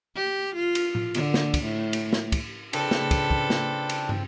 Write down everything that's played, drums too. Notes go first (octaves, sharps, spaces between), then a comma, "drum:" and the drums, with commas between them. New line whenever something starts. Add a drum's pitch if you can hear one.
G4
F4
drum: cymbal
drum: tom A2
D3, drum: cymbal
drum: snare
drum: kick, cymbal
A2
drum: cymbal
drum: snare
drum: kick, cymbal
C#3 C4 D4 F4 A4 B4 G5, drum: cymbal
drum: snare
drum: kick, cymbal
drum: kick
drum: snare
drum: cymbal
drum: tom